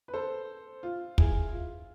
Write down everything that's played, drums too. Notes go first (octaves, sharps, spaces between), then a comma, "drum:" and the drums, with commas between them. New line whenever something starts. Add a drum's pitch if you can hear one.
B4
A4 C5
F4
E4 G#4, drum: kick
F4